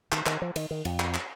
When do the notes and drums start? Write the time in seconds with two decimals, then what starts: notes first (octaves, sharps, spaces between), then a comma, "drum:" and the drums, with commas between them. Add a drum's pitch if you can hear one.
0.12 D#3, drum: clap
0.26 D#3, drum: clap
0.42 F3
0.56 D#3, drum: cymbal
0.71 D#3
0.85 F2, drum: cymbal
1.00 drum: clap
1.14 drum: clap